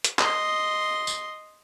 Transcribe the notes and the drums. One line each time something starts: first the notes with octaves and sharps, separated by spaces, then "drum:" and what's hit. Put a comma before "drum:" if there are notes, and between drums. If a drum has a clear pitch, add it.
drum: hi-hat
D#5 C6, drum: clap
drum: tambourine